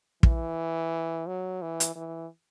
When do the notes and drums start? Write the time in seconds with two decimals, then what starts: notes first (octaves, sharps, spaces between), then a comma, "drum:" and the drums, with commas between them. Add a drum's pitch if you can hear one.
0.23 E3, drum: kick
1.27 F#3
1.62 E3
1.80 drum: hi-hat
1.96 E3